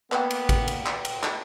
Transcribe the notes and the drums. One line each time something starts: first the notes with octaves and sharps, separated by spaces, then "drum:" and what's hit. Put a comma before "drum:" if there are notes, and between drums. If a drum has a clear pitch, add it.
A#3 B3 B4 F#5 G5, drum: clap
drum: cymbal
drum: kick A1, cymbal
drum: cymbal
drum: clap
drum: cymbal
drum: clap